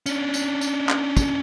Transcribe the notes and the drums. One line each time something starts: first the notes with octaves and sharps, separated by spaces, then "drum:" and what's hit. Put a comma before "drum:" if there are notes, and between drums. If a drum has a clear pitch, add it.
C#4 D4, drum: tambourine
drum: tambourine
drum: tambourine
drum: clap
drum: kick, tambourine